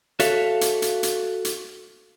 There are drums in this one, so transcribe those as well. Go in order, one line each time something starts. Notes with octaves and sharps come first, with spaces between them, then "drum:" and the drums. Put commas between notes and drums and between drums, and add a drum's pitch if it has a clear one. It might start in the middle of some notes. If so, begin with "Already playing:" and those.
F#4 A4 C#5 E5 F5, drum: hi-hat
drum: hi-hat
drum: hi-hat
drum: hi-hat
drum: hi-hat